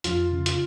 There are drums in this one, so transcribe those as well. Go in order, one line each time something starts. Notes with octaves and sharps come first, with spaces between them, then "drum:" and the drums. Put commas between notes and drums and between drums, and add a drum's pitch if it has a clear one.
F2 F4, drum: hi-hat
C#3
F4, drum: hi-hat